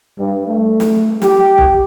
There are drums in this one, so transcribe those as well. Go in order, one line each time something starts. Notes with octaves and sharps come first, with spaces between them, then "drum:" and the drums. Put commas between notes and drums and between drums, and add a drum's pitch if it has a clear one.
G2
A3
drum: snare
G4, drum: snare
drum: kick